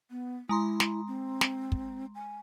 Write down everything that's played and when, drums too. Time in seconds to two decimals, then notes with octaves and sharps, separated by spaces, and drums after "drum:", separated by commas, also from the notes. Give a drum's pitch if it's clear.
0.11 B3
0.49 G#3 E4 A#5 C6
0.80 drum: snare
1.08 C4
1.41 drum: snare
1.72 drum: kick
2.15 G#5